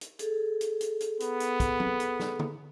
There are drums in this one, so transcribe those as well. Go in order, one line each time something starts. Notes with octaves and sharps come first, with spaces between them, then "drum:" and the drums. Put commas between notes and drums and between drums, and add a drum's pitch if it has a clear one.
drum: hi-hat
G#4 A4, drum: hi-hat
drum: hi-hat
drum: hi-hat
drum: hi-hat
B3, drum: hi-hat
drum: hi-hat
drum: kick, hi-hat
drum: tom
drum: hi-hat
drum: snare
drum: tom